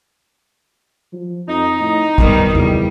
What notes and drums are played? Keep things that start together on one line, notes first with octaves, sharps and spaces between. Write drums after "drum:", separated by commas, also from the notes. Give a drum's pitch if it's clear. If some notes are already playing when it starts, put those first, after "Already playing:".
F3
F2 D#4
A2
B2 D#3 G3, drum: kick
E2 G3, drum: tom E2